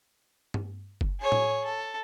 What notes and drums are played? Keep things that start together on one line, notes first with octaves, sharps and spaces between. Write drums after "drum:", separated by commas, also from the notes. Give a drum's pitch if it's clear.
drum: tom G2
drum: kick F#1
G#4 C#5
drum: tom A2
A4